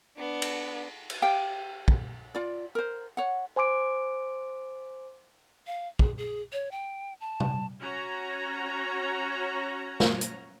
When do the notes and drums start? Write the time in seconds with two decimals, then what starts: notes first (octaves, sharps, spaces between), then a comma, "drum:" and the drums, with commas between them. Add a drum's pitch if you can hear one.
0.18 B3 D4
0.42 drum: cymbal
1.10 drum: cymbal
1.22 G4 F5 G5
1.88 drum: kick
2.35 F4 D5
2.75 A#4 C5
3.17 C#5 F#5
3.56 C5 G#5 C6 D6 D7
5.67 F5
5.99 G#4, drum: kick
6.18 G#4
6.53 C#5
6.72 G5
7.20 A5
7.40 drum: tom
7.81 C#4 F#4 C#5 A#5
10.00 drum: snare
10.21 drum: hi-hat